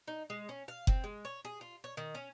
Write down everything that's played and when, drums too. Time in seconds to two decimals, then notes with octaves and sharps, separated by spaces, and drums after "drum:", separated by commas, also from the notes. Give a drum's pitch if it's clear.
0.08 D#4
0.30 G#3
0.49 C#4
0.68 F5
0.87 C4, drum: kick F#1
1.04 G#3
1.25 C#5
1.45 G#4
1.61 F4
1.84 C#5
1.97 D#3
2.15 C#4